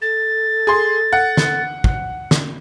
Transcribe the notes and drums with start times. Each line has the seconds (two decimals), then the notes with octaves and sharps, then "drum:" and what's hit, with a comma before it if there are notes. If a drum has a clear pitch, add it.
0.01 A4 A6
0.67 G#4 C6
1.13 F#5
1.37 drum: snare
1.84 drum: kick
2.31 drum: snare